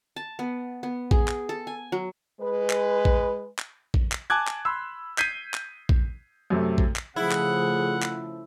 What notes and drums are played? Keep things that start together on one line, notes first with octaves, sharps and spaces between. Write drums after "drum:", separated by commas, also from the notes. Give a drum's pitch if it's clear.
A5
B3
B3
G#4, drum: kick
drum: clap
A4
G#5
F#3
G#3 B4
drum: clap
drum: kick
drum: clap
drum: kick
drum: clap
G#5 A5 D6 F#6 G#6
drum: clap
B5 C6 E6
G6 G#6 B6 C7 D#7, drum: clap
drum: clap
drum: kick
F#2 C3 A3
drum: kick
drum: clap
C#3 F3 A3 E4 G#4 F#5
drum: clap
drum: clap